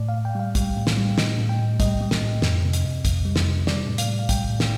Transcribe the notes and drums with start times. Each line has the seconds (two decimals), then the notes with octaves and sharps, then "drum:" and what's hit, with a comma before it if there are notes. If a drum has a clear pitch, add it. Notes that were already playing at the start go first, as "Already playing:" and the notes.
Already playing: A2 D5
0.09 F5
0.14 A2
0.25 G5
0.35 G3 F5
0.55 G3, drum: kick, hi-hat
0.77 A2
0.87 drum: snare
0.97 G3
1.18 A2 D#5, drum: snare
1.39 A2
1.49 G5
1.59 A2
1.80 G3 D#5, drum: kick, hi-hat
2.01 G3
2.11 drum: snare
2.22 A2
2.42 F2, drum: snare
2.63 C3
2.73 drum: hi-hat
2.84 F2
3.05 F2, drum: kick, hi-hat
3.25 G3
3.36 drum: snare
3.46 C3
3.67 G3 D5, drum: snare
3.87 A2
3.98 F5, drum: hi-hat
4.08 G3
4.19 F5
4.29 G3 G5, drum: kick, hi-hat
4.50 A2
4.60 drum: snare